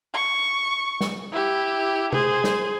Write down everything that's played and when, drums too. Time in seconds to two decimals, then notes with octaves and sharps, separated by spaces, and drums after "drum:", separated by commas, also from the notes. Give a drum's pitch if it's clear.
0.13 C#6
1.01 drum: snare
1.32 E4 G4
2.13 G#4 C5, drum: tom C3
2.44 drum: snare